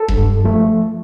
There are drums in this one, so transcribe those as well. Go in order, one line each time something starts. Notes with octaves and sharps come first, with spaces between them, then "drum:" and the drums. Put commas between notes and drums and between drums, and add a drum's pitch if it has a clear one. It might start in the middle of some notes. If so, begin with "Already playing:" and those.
Already playing: A4
G2, drum: kick E1
F3 A3